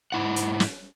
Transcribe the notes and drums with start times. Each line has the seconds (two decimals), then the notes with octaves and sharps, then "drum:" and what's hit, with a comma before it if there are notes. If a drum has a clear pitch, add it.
0.12 G#2 E4 F#5
0.36 drum: hi-hat
0.60 drum: snare